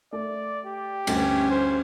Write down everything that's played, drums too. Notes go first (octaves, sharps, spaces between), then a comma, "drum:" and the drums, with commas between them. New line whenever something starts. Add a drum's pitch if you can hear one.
A3 D5
G4
D2 G2 C#4, drum: cymbal
C5